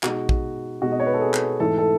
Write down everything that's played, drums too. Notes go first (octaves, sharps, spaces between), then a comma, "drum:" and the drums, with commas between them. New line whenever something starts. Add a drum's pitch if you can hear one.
B2 G#3 D#4 F#4, drum: clap
drum: kick A#1
B2 G#3 D#4 F#4
D#5
C#5
B4
A4
G#4
drum: clap
G#2 E3 A3 A4
A4